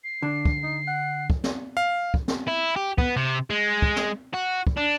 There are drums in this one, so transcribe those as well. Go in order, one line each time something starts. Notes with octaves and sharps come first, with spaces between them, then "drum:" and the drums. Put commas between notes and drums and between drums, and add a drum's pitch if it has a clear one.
C7
D3 D4
drum: kick
D#4
F#5
drum: kick
drum: snare
F5
drum: kick
drum: snare
E4
G4
B3, drum: kick
C3
G#3
drum: kick
drum: snare
F#4
drum: kick
D4